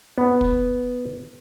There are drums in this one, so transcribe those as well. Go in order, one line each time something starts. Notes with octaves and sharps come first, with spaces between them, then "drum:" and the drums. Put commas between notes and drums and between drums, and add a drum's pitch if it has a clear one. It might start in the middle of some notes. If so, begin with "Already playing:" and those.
B3
drum: kick